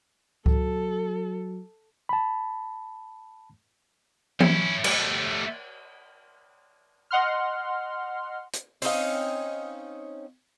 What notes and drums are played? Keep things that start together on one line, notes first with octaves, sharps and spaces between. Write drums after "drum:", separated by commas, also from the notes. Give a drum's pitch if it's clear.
F#3 A4, drum: kick C#2
A5 B5
C#4 E4, drum: tom E3
G3 A3, drum: cymbal
D#5 F#5 C6 F6
drum: hi-hat
C4 C#4 D#4 F5, drum: open hi-hat